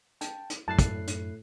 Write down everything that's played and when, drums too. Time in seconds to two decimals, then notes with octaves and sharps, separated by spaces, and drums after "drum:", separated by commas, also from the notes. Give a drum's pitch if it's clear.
0.21 G5 A5, drum: hi-hat
0.50 drum: hi-hat
0.68 F#2 A2 E4 A5 F#6 C7
0.79 drum: kick, hi-hat
1.07 drum: hi-hat